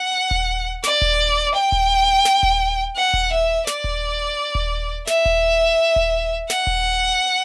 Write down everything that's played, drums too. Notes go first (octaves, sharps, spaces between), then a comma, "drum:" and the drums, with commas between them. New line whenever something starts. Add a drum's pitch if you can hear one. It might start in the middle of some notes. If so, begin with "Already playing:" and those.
Already playing: F#5
drum: kick D#1
D5, drum: snare
drum: kick D#1
G5
drum: kick D#1
drum: snare
drum: kick D#1
F#5
drum: kick D#1
E5
D5, drum: snare
drum: kick D#1
drum: kick D#1
E5, drum: snare
drum: kick D#1
drum: kick D#1
F#5, drum: snare
drum: kick D#1